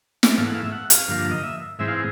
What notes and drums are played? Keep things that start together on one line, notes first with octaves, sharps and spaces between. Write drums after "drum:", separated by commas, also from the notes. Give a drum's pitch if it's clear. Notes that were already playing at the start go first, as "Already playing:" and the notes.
drum: snare
G#2 E3 A3 F5
F#5
F5
E5
F#5
F5, drum: hi-hat
G2 D3 F3 A#3
D#5
E5
G#2 E3 G#3 C4 E5
F5